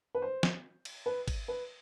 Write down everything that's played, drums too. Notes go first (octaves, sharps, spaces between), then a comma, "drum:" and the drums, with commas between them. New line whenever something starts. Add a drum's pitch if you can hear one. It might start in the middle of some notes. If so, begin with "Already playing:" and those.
B4
C5
drum: snare
drum: cymbal
B4
drum: kick G#1, cymbal
B4